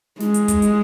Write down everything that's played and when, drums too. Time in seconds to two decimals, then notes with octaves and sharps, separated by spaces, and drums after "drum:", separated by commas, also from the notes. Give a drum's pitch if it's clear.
0.20 G#3, drum: snare
0.34 drum: hi-hat
0.48 drum: kick, hi-hat
0.62 drum: hi-hat